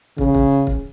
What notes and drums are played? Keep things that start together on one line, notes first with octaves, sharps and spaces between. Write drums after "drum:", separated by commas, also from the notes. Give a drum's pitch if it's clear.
C#3, drum: kick
drum: kick
drum: kick